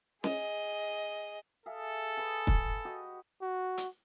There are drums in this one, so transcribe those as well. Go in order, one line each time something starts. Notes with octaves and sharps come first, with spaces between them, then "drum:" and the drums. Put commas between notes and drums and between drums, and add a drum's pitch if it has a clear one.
G#4 D#5, drum: snare
G#4 A4 E5 F5
G#4 B4 G#5
drum: kick
F#4 G4 D#5
F#4
drum: hi-hat